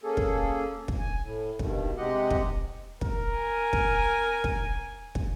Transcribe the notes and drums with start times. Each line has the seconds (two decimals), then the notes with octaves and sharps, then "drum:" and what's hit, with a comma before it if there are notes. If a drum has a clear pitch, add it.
0.04 A#3 C#4 G#4 A4
0.17 drum: kick
0.88 drum: kick
0.99 G#5
1.23 A2
1.59 G2 B2 D#3, drum: kick
1.98 C3 G#3 G4 D#5 F#5
2.31 drum: kick
3.01 A#4, drum: kick
3.40 G#5
3.73 drum: kick
4.44 drum: kick
5.15 drum: kick